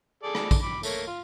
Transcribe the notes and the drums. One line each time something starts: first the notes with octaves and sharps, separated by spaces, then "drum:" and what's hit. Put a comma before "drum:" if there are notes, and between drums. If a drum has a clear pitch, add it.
G#4 A4 D5
drum: rim click
drum: kick, tambourine
B5 D6
A3 A#3 C#5, drum: tambourine
F4